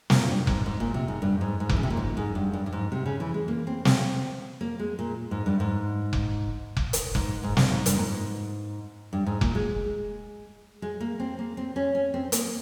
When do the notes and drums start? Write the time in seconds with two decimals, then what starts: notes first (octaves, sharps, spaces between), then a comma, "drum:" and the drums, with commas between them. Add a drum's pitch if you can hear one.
0.10 A#2, drum: snare
0.28 G2
0.47 G#2, drum: kick F1
0.66 G#2
0.80 A#2
0.94 C3
1.08 G#2
1.22 G2
1.41 G#2
1.60 G#2
1.69 E3, drum: kick F1
1.77 C#3
1.83 C3
1.90 A#2
1.97 G#2
2.17 G#2
2.35 G2
2.53 G2
2.66 G2
2.73 G#2
2.92 C3
3.06 C#3
3.20 E3
3.34 G#3
3.48 A#3
3.67 C4
3.85 C4, drum: snare
4.61 A#3
4.79 G#3
4.99 A#2
5.31 G#2
5.46 G2
5.60 G#2
6.13 drum: kick F1
6.77 drum: kick F1
6.93 drum: hi-hat
7.15 G#2, drum: kick F1
7.44 G#2
7.57 G2, drum: snare
7.72 G#2
7.86 G2, drum: hi-hat
7.95 A#2
7.99 G#2
9.13 G2
9.26 G#2
9.41 A#2, drum: kick F1
9.55 G#3
10.82 G#3
11.01 A#3
11.20 C4
11.39 A#3
11.57 C4
11.76 C#4
11.95 C#4
12.14 C4
12.32 A#3, drum: hi-hat